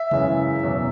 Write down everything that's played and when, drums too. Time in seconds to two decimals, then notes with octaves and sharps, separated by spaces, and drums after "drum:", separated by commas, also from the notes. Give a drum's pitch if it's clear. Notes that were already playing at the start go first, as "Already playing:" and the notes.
Already playing: E5
0.11 F#2 C#3 E3 G#3, drum: tom C3
0.63 E2 B2 F#3